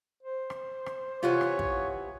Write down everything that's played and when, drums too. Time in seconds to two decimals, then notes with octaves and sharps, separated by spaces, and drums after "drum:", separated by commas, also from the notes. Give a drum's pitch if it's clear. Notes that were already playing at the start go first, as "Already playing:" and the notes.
0.23 C5
0.50 drum: rim click
0.86 drum: rim click
1.23 C3 E3 B3 F4 C#5
1.41 drum: rim click
1.59 drum: kick